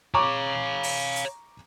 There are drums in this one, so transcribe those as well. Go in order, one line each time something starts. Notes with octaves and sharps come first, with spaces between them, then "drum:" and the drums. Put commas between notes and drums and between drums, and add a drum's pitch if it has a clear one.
C#5 F5 A#5 C#6 D6
drum: open hi-hat
drum: hi-hat